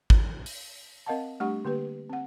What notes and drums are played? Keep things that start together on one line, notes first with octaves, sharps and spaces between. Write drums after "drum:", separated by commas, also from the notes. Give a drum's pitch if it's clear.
drum: kick G#1
drum: open hi-hat
C4 A#4 D#5 F5 F#5 A5
G3 A3 D4 G4 F#5 C#6
D3 A#3 G4 B4
C4 F#5